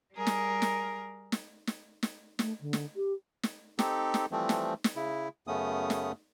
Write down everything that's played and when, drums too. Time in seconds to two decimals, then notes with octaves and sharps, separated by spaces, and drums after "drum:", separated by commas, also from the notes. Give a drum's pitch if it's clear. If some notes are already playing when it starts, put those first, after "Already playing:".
0.15 G3 G#4 A#4
0.27 drum: snare
0.62 drum: snare
1.32 drum: snare
1.67 drum: snare
2.03 drum: snare
2.39 A3, drum: snare
2.61 D3
2.73 drum: snare
2.96 G4
3.43 drum: snare
3.79 C4 D#4 G4 A4, drum: snare
4.14 drum: snare
4.32 E3 F3 G3 A3 C4
4.49 drum: snare
4.84 drum: snare
4.96 C#3 E4
5.47 F#2 C#3 A3 B3 C#4 D#6
5.90 drum: snare